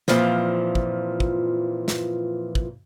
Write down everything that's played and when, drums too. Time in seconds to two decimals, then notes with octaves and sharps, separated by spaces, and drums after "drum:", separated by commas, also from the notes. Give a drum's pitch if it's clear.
0.08 F2 A#2 E3 F3, drum: snare
0.75 drum: kick
1.20 drum: kick
1.88 drum: snare
2.55 drum: kick